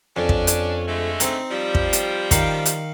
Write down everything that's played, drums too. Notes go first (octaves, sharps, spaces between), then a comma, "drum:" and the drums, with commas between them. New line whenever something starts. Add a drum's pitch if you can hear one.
F2 C#4 D4
drum: kick
drum: hi-hat
D3 G#3 A3
C4 D#4, drum: hi-hat
F3 G3
drum: kick
drum: hi-hat
D#3 D#4 F5, drum: kick, hi-hat
drum: hi-hat